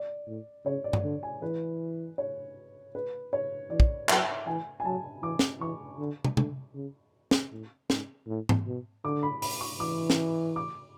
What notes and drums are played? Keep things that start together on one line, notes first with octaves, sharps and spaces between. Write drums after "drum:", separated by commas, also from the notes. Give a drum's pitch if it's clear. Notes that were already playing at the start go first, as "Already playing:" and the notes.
Already playing: D5
A2
C#3 C#5
D5
drum: tom G2
D3
G#5
E3 B4
C#5
B4
C#5
E3 D5
drum: kick
F#3 E5, drum: clap
E3 G#5
G#5
F#3 A5
E3 D6
drum: snare
E3 C#6
D3
drum: tom
D3, drum: tom
C#3
drum: snare
A2
G#2, drum: snare
A2
drum: tom G#2
B2
D3 D6
B5
B5, drum: open hi-hat
C#6
E3 D6
drum: snare
D6